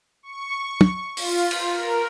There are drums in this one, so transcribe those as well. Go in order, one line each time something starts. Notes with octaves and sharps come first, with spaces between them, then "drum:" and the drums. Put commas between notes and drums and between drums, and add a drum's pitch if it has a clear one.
C#6
drum: tom
F4, drum: open hi-hat
drum: cymbal
A#4